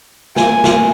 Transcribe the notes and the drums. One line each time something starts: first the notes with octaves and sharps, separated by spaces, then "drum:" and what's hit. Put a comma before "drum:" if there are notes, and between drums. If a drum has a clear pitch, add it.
G#5, drum: snare
drum: snare